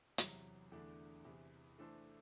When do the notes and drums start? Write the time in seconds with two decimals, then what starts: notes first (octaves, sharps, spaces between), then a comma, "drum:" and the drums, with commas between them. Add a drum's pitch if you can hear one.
0.18 E2 C3 F#3, drum: hi-hat
0.72 E2 D3 A3 D4
1.25 E2 C3 E3
1.78 E3 A3 D4 A4 C5